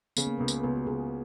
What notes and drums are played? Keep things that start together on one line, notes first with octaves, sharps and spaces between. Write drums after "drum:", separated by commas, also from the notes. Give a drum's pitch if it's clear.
C#3 B3, drum: tambourine
A#3
C#2 B3
drum: tambourine
C#2 B3
F#4
C#2 G#4